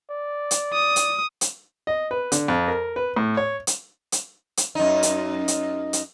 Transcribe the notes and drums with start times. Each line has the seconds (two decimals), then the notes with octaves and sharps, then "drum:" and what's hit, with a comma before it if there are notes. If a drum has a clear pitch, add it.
0.10 D5
0.51 drum: hi-hat
0.73 D#6
0.96 drum: hi-hat
1.41 drum: hi-hat
1.87 D#5
2.11 B4
2.32 D3, drum: hi-hat
2.48 F2
2.68 A#4
2.96 B4
3.16 A2
3.37 C#5
3.67 drum: hi-hat
4.12 drum: hi-hat
4.57 drum: hi-hat
4.75 F#2 D#4
5.03 drum: hi-hat
5.48 drum: hi-hat
5.93 drum: hi-hat